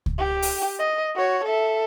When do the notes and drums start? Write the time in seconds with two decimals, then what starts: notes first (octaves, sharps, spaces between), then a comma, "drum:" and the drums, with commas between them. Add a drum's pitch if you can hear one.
0.06 drum: kick C#2
0.18 G4 G5
0.42 drum: open hi-hat
0.79 D#5
1.15 F#4 C#5
1.45 A4 E5